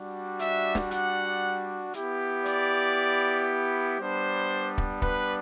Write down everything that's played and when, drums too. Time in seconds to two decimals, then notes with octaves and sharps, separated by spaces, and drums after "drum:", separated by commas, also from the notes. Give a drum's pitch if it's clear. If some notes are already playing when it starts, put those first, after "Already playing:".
Already playing: G3 D4 F#4
0.39 E5, drum: hi-hat
0.75 drum: snare
0.91 F#5, drum: hi-hat
1.94 B3 E4 G4, drum: hi-hat
2.45 D5, drum: hi-hat
3.99 G3 B3 D4 C5
4.78 drum: kick
5.02 B4, drum: kick